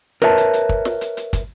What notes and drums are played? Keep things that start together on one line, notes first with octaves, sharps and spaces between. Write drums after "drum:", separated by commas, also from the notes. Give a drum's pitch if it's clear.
A#4 B4 C#5 E5 F#5 A5, drum: snare
drum: hi-hat
drum: hi-hat
drum: kick
drum: snare
drum: hi-hat
drum: hi-hat
drum: kick, hi-hat